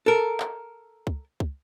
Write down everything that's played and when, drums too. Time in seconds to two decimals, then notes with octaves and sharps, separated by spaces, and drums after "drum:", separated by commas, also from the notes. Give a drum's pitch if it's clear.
0.06 A4 A#4
0.40 drum: clap
1.07 drum: kick C#2
1.40 drum: kick C#2